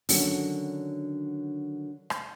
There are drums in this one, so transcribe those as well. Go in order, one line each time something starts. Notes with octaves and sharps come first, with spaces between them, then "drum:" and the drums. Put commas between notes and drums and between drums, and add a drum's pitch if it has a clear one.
D3 D#3 F#3 C#4 D4 F#4, drum: open hi-hat
drum: rim click